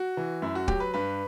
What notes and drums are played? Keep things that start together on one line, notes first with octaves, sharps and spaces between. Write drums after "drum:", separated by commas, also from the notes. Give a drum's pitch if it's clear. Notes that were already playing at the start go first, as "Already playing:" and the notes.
Already playing: F#4
E3
F#2 E4
F#4
F#3 G4, drum: kick
B4
G2 B4